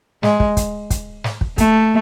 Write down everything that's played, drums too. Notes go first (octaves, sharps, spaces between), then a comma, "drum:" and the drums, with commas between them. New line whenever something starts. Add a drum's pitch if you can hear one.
G#3, drum: snare
drum: kick
drum: kick, hi-hat
drum: kick, hi-hat
drum: snare
drum: kick
A3, drum: kick, hi-hat